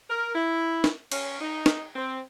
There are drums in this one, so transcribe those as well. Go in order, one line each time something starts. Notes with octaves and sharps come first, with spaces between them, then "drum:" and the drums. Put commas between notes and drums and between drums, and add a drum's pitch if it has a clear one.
A#4
E4
drum: snare
C#4, drum: cymbal
D#4
drum: snare
C4